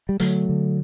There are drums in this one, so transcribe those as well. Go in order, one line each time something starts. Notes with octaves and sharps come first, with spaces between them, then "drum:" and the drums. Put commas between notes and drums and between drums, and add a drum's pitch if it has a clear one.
G3
D3 F#3 A3, drum: hi-hat
D3